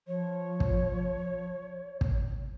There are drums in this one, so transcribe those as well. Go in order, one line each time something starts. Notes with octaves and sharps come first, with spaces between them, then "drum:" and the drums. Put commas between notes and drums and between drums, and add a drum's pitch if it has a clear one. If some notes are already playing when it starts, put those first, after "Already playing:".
F3 C#5
drum: kick
drum: kick